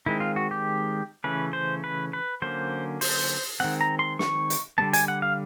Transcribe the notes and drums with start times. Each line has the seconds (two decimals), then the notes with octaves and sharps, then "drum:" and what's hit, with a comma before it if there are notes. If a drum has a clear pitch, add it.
0.06 D#3 G#3 C4 E4
0.20 F4
0.36 F#4
0.51 G4
1.24 C#3 E3 A3 C#4 B4
1.53 C5
1.84 B4
2.13 B4
2.42 D3 F#3 A#3 C#4 C5
3.01 C5, drum: open hi-hat
3.60 D#3 G#3 C4 F#5
3.81 A#5
3.99 C6
4.19 C#6, drum: snare
4.50 drum: hi-hat
4.78 D3 G3 B3 A5
4.93 G#5, drum: hi-hat
5.08 F#5
5.22 F5